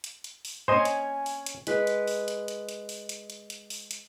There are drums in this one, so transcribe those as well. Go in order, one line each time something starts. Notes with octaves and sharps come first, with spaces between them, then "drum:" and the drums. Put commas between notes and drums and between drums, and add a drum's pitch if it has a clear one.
drum: hi-hat
drum: hi-hat
drum: open hi-hat
C#4 C5 D#5 G#5
drum: hi-hat
drum: open hi-hat
drum: hi-hat
G#3 B4, drum: hi-hat
drum: hi-hat
drum: open hi-hat
drum: hi-hat
drum: hi-hat
drum: hi-hat
drum: open hi-hat
drum: hi-hat
drum: hi-hat
drum: hi-hat
drum: open hi-hat
drum: hi-hat